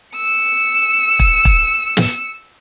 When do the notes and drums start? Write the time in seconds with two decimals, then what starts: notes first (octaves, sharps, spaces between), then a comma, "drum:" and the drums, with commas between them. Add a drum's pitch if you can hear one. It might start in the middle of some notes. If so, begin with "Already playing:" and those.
0.16 E6 C#7
1.19 drum: kick
1.45 drum: kick
1.97 drum: snare